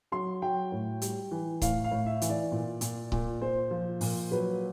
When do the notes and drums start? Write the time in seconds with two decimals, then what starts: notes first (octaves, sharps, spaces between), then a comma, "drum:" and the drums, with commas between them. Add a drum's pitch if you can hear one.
0.12 F#3 C6
0.42 F#3 G5
0.72 A2
1.02 G3, drum: hi-hat
1.31 E3
1.62 A2 F5, drum: kick C#1, hi-hat
1.84 F5
1.91 A2
2.06 E5
2.22 E3, drum: hi-hat
2.29 D5
2.52 A#2
2.81 A#2, drum: hi-hat
3.12 A#2, drum: kick C#1
3.41 A#2 C5
3.71 F3
4.01 A#2, drum: open hi-hat
4.31 F#3 B4